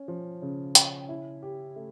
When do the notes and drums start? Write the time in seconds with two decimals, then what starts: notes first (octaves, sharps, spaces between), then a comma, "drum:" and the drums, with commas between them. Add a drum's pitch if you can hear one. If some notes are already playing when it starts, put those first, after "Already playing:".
Already playing: C#4
0.08 F3
0.42 C#3
0.75 C#4, drum: hi-hat
1.09 E4
1.42 G4
1.76 A3